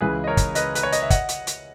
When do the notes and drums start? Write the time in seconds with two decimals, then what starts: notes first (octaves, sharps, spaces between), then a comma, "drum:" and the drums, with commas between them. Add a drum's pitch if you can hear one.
0.01 C#2 C#3 E3 G#4 B4
0.24 D#5
0.27 A#4 C#5
0.37 drum: kick, hi-hat
0.55 B4 D#5, drum: hi-hat
0.75 B4, drum: hi-hat
0.83 C#5
0.92 D#5, drum: hi-hat
1.02 E5
1.10 D#5 F#5, drum: kick, hi-hat
1.29 drum: hi-hat
1.47 drum: hi-hat